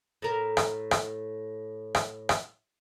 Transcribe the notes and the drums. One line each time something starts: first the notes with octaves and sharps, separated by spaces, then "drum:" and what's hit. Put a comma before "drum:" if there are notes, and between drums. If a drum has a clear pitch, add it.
A2 A#4
drum: rim click
drum: rim click
drum: rim click
drum: rim click